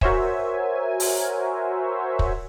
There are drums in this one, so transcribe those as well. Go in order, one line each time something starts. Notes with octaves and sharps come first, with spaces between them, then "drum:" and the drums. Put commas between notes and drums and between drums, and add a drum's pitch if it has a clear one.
F#4 A#4 C5 C#5 E5 G#5, drum: kick
drum: open hi-hat
drum: kick